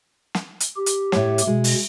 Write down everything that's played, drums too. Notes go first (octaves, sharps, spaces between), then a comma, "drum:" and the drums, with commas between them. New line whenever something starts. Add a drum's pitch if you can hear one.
drum: snare
drum: hi-hat
G4
drum: hi-hat
A2 C#5, drum: snare
drum: hi-hat
B2 G#3
drum: open hi-hat